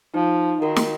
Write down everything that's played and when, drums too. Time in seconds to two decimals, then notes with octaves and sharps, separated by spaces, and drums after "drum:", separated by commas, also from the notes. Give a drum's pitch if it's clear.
0.14 F3 D#4
0.62 D#3 F#4 A#4
0.76 drum: snare